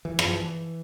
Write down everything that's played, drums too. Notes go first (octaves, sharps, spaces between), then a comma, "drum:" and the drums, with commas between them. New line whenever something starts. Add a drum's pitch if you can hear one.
E3
F3, drum: rim click
E3